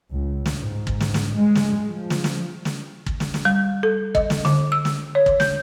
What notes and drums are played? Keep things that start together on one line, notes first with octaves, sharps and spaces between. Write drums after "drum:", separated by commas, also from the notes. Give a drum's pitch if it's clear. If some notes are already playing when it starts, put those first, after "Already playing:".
C#2
drum: snare
G#2
drum: kick
drum: snare
drum: snare
G#3
drum: snare
F3
drum: snare
drum: snare
drum: snare
drum: kick
drum: snare
drum: snare
G3
A4
D#5, drum: kick
drum: snare
D3, drum: snare
E6
drum: snare
C#5
drum: kick
G6, drum: snare